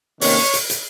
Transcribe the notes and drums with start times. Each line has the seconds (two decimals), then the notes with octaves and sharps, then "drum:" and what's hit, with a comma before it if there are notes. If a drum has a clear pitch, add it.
0.21 C3 D#3 A#3 C#4 C#5, drum: open hi-hat
0.54 drum: hi-hat
0.70 drum: hi-hat